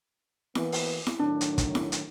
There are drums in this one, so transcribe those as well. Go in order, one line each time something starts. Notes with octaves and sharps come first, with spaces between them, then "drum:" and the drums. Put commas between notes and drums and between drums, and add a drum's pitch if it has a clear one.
E3 A#3 B3, drum: snare E4
drum: open hi-hat
drum: snare E4
A2 D#3 F#3 D4
drum: hi-hat
drum: kick, hi-hat
drum: snare E4
drum: hi-hat